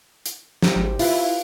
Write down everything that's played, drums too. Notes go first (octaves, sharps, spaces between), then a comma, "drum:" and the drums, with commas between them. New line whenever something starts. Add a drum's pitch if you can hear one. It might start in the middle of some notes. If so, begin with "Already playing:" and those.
drum: hi-hat
C4 G4 A#4, drum: snare
G#1
E4 F4 B4, drum: open hi-hat